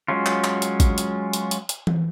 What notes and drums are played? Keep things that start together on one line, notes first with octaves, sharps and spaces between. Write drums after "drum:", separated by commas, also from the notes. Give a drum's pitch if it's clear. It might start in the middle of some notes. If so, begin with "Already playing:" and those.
F#3 G#3 C#4 F4
drum: clap
drum: clap
drum: hi-hat
drum: kick A1, hi-hat
drum: hi-hat
drum: hi-hat
drum: hi-hat
drum: hi-hat
drum: tom E3